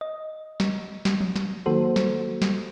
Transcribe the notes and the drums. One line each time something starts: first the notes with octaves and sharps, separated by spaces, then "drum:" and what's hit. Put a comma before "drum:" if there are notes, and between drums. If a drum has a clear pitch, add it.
D#5
drum: snare
drum: snare
drum: tom F3
drum: snare
D#3 F#3 A#3 F#4 A4 C5
drum: snare
drum: snare